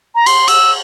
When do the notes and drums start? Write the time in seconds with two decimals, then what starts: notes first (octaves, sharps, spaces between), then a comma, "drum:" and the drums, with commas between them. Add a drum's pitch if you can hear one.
0.15 A#5
0.26 C6, drum: cymbal
0.48 E6, drum: cymbal